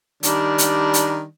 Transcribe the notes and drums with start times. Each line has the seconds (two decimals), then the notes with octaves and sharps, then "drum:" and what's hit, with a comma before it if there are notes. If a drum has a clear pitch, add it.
0.23 D#3 G3 D4, drum: hi-hat
0.58 drum: hi-hat
0.94 drum: hi-hat